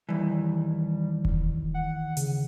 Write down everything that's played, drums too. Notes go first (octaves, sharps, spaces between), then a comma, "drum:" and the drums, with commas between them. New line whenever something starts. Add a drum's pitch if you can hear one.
D#2 E3 G3
drum: kick E1
F#5
C#3, drum: hi-hat